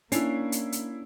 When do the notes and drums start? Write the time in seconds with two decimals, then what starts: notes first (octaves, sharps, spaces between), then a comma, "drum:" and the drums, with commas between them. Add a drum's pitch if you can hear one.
0.12 A#3 C#4 D4 E4 F5 C7, drum: hi-hat
0.52 drum: hi-hat
0.72 drum: hi-hat